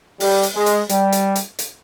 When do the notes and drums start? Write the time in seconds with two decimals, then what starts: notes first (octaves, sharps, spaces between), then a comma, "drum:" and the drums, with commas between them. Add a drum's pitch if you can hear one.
0.20 G3, drum: open hi-hat
0.43 drum: hi-hat
0.55 G#3
0.66 drum: hi-hat
0.89 G3, drum: hi-hat
1.12 drum: hi-hat
1.36 drum: hi-hat
1.59 drum: hi-hat